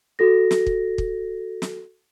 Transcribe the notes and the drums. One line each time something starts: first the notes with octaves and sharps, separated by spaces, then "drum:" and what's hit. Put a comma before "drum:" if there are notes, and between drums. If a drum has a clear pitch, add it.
F#4 A4 A#6
drum: snare
drum: kick
drum: kick
drum: snare